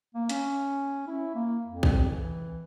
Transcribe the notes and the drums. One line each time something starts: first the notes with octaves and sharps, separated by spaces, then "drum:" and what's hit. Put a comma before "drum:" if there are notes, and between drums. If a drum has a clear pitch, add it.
A#3
C#4, drum: hi-hat
E4
A#3
F2
drum: kick
E3